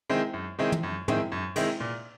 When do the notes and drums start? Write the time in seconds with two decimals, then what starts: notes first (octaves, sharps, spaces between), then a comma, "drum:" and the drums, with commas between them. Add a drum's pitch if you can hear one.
0.10 D#3 G#3 C4 E4
0.33 F#2
0.59 D#3 G#3 C4 E4
0.72 drum: tom
0.83 F#2
1.08 D#3 G#3 C4 E4, drum: tom
1.32 F#2
1.56 D#3 G#3 C4 E4, drum: cymbal
1.80 A#2